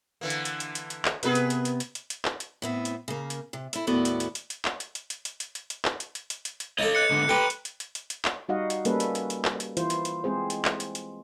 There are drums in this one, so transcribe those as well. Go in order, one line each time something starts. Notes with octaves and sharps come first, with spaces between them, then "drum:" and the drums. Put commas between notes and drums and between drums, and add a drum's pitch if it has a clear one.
D3 E3 A#3
drum: hi-hat
drum: hi-hat
drum: hi-hat
drum: hi-hat
drum: hi-hat
drum: clap
C3 B3 G#4 A#4 B4, drum: hi-hat
drum: hi-hat
drum: hi-hat
drum: hi-hat
drum: hi-hat
drum: hi-hat
drum: hi-hat
drum: clap
drum: hi-hat
A2 B3 C4
drum: hi-hat
C#3 A#3
drum: hi-hat
C3
E4 A4, drum: hi-hat
D#2 A2 B3 F#4 A4 D5
drum: hi-hat
drum: hi-hat
drum: hi-hat
drum: hi-hat
drum: clap
drum: hi-hat
drum: hi-hat
drum: hi-hat
drum: hi-hat
drum: hi-hat
drum: hi-hat
drum: hi-hat
drum: clap
drum: hi-hat
drum: hi-hat
drum: hi-hat
drum: hi-hat
drum: hi-hat
D#4 A4 C#5 D#5
F#6 C#7
G#2 D3
G4 A4 B4 G5
drum: hi-hat
drum: hi-hat
drum: hi-hat
drum: hi-hat
drum: hi-hat
drum: clap
G3 D#4 F#4 D#5 F5 F#5
drum: hi-hat
G3 A#3 C#4 A4 B4, drum: hi-hat
drum: hi-hat
drum: hi-hat
drum: hi-hat
drum: clap
drum: hi-hat
E3 E4 F4 C5, drum: hi-hat
drum: hi-hat
drum: hi-hat
G#3 C4 G#4 C5
drum: hi-hat
drum: clap
drum: hi-hat
drum: hi-hat